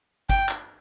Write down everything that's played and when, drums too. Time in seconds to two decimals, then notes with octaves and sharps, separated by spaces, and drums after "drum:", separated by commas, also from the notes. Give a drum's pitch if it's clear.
0.30 G5, drum: kick G1, hi-hat
0.49 drum: clap